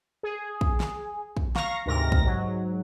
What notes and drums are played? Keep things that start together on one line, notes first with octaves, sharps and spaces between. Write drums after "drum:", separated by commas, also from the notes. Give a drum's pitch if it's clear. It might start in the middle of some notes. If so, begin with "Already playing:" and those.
G#4
drum: kick
drum: snare
drum: kick
F5 A#5 C#6 A#6, drum: snare
D2 G#2 C3 A#4 A#6
drum: kick
G#2 F#3